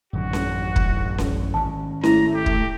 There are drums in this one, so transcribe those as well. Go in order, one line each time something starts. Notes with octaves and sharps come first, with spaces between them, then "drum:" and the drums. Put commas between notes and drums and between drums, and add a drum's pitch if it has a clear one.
A1 F#2 D3 D#3 F#4
drum: snare C#4
drum: kick
drum: snare C#4
G#1 D3 C#4 A5
A3 E4 A#5, drum: snare C#4
G4
drum: kick